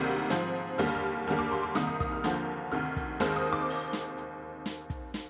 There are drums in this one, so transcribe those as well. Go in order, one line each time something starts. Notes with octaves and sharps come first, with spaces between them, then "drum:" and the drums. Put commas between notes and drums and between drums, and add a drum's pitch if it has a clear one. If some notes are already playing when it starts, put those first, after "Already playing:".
Already playing: D2 C3 D#3 G3 A#3 G6
G#2 F3 C4, drum: snare
drum: hi-hat
D#2 D3 G3 A#3 F6, drum: open hi-hat
F6
D#2 D3 G3 A#3 F6, drum: hi-hat
D6
C6, drum: hi-hat
D6
C2 C3 D#3 A#3 D#6, drum: snare
D#6
D#6, drum: kick, hi-hat
F6
D#2 D3 F3 A#3 G6, drum: snare
D2 C3 D#3 F6, drum: hi-hat
drum: kick, hi-hat
D#2 D#3 G#3 C4 F6, drum: snare
D#6
D6
drum: open hi-hat
drum: snare
drum: hi-hat
drum: snare
drum: kick, hi-hat
drum: snare